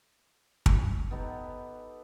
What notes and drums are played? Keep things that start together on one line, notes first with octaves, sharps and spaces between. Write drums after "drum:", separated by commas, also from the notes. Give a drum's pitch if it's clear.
drum: kick
B3 D#4 G4 A4